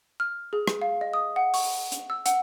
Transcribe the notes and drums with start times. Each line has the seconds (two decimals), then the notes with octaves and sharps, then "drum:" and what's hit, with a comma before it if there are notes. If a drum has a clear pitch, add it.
0.20 F6
0.53 G#4
0.67 drum: rim click
0.82 F5
1.01 D#5
1.14 D#6
1.36 F#5
1.54 C#6, drum: open hi-hat
1.92 drum: hi-hat
2.10 E6
2.26 F#5, drum: hi-hat